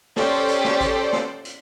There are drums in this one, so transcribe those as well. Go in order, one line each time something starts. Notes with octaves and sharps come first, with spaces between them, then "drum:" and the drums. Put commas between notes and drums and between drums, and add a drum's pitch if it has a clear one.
C#4 G4 A4 C5 D5, drum: snare
drum: hi-hat
drum: snare
drum: kick, hi-hat
drum: snare
drum: hi-hat